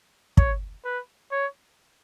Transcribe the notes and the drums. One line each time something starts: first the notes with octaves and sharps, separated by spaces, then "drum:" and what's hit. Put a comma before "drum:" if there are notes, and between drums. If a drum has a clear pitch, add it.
C#5, drum: kick
B4
C#5